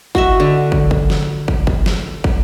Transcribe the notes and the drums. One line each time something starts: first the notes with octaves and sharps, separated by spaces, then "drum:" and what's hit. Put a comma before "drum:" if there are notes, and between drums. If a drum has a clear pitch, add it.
F#4 D#5 E5, drum: kick
D3
drum: kick
drum: kick
drum: snare
drum: kick
drum: kick
drum: snare
drum: kick